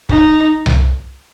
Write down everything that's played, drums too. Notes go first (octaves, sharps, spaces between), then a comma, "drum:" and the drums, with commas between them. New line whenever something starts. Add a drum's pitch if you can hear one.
D#4, drum: kick
drum: tom C2